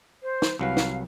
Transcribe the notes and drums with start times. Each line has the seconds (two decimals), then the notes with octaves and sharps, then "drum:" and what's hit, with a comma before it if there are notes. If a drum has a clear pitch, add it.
0.22 C5
0.42 drum: snare
0.59 C2 F#3 B4 F5
0.77 drum: snare